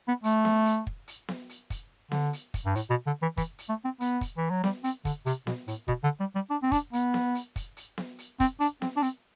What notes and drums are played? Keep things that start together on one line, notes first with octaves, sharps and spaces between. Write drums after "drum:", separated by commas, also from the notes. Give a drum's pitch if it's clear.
B3
A3, drum: hi-hat
drum: snare B3
drum: hi-hat
drum: kick
drum: hi-hat
drum: snare B3
drum: hi-hat
drum: kick, hi-hat
D3, drum: snare B3
drum: hi-hat
drum: kick, hi-hat
G2
A2, drum: hi-hat
B2
D3
E3
E3, drum: kick, hi-hat
drum: hi-hat
A3
C4
B3, drum: hi-hat
drum: kick, hi-hat
E3
F#3
G3, drum: snare B3
C4, drum: hi-hat
D3, drum: kick, hi-hat
C3, drum: hi-hat
B2, drum: snare B3
A2, drum: hi-hat
B2, drum: kick
D3
G3
G3
D4
C4
D4, drum: kick, hi-hat
B3, drum: hi-hat
drum: snare B3
drum: hi-hat
drum: kick, hi-hat
drum: hi-hat
drum: snare B3
drum: hi-hat
C4, drum: kick, hi-hat
D4, drum: hi-hat
C4, drum: snare B3
D4
C4, drum: hi-hat